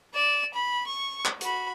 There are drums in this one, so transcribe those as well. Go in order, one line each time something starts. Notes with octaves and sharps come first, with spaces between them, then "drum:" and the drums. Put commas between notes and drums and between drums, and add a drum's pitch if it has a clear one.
D5 E7
B5
C#6
drum: clap
F#4 B5, drum: hi-hat